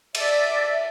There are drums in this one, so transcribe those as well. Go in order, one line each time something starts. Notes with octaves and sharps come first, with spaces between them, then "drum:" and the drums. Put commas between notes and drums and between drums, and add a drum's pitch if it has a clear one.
D5 E5, drum: cymbal